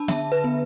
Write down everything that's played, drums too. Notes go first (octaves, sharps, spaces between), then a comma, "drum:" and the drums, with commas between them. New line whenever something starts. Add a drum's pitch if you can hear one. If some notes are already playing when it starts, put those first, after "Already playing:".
Already playing: D4 A5 B5 E6
D3 E5, drum: snare B3
B4
B3